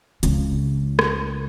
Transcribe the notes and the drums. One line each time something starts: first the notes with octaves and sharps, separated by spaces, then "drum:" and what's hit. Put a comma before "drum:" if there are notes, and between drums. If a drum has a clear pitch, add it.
C#2 C#3, drum: hi-hat
drum: rim click